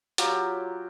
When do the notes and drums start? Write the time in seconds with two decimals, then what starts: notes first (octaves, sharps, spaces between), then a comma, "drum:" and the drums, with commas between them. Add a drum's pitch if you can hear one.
0.18 F#3 F4 G4, drum: hi-hat